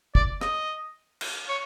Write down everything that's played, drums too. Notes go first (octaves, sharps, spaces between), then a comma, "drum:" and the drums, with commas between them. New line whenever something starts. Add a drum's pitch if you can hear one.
D5, drum: kick
D#5, drum: rim click
drum: cymbal
C#5